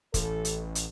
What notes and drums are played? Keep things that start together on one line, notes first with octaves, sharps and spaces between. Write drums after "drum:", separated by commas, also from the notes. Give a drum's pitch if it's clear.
A1 A4, drum: kick, hi-hat
drum: hi-hat
drum: hi-hat